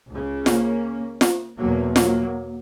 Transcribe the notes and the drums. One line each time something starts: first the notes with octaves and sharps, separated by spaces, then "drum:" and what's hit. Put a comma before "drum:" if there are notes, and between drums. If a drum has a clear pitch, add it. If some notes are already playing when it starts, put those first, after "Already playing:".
C#2 C#3
A#3 C#4, drum: snare F4
drum: snare F4
E2 B2 F#3 A#3
F#3 A#3, drum: snare F4